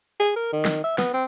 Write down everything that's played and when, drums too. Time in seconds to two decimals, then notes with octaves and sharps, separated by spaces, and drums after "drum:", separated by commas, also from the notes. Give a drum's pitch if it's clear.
0.20 G#4
0.36 A#4
0.53 D#3
0.65 drum: snare
0.84 E5
0.98 B3, drum: snare
1.14 C4